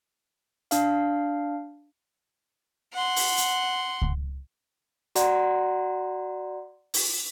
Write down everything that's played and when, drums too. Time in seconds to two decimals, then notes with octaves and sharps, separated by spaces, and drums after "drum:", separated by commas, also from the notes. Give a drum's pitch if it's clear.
0.71 D4 F5, drum: hi-hat
2.93 F#5 C6
3.16 drum: open hi-hat
3.38 drum: hi-hat
4.02 drum: kick C#2
5.15 F#4 D5 F#5 A#5 C6, drum: hi-hat
6.94 drum: open hi-hat